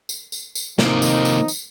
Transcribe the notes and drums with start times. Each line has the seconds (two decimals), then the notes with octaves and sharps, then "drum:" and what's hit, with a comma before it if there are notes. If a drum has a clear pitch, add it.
0.09 drum: tambourine
0.32 drum: tambourine
0.55 drum: tambourine
0.79 C3 D#3 F3 A#3 D#4, drum: snare
1.02 drum: tambourine
1.25 drum: tambourine
1.48 drum: tambourine